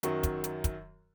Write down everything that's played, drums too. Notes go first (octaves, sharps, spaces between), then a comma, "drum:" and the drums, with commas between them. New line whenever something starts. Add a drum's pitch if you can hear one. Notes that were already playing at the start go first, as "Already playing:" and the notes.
F#2 D#3 F#3, drum: hi-hat
drum: kick, hi-hat
drum: hi-hat
drum: kick, hi-hat